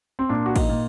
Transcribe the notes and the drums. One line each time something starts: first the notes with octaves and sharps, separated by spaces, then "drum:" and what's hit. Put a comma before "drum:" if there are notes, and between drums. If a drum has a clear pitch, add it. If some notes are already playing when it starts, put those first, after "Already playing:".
C4
A#2 D4
F#4
D#4, drum: kick, cymbal
A#2